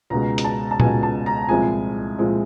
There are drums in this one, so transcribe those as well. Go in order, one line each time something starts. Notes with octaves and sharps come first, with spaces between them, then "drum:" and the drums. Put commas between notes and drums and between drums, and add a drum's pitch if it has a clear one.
C#2 B2 G#3 A#5
A#5, drum: hi-hat
A5
A5
C#2 B2 G#3 G#5, drum: tom A#2
A5
A#5
C2 A#2 F3 G#3 C4 G#5
A#2 F3 G#3 C4